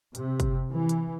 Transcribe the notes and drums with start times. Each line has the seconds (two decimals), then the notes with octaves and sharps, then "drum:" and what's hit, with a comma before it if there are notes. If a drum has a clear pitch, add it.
0.15 C3, drum: hi-hat
0.40 drum: kick, hi-hat
0.71 E3
0.89 drum: hi-hat